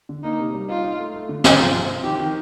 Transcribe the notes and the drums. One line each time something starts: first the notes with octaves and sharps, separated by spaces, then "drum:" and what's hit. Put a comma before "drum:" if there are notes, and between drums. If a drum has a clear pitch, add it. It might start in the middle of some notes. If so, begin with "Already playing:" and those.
D3
A#3 D#4
C3
G3
D#4 F4
D#4
A3
A3
D3
D3, drum: snare
F3 F4
F3
C4
D#3 G4
D#3